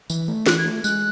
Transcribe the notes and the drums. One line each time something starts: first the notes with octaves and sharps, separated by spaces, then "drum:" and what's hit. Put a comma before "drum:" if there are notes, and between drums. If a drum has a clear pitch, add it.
E3, drum: tambourine
A3
E3 F#6, drum: snare
G#6
A3
G#3 F#6, drum: tambourine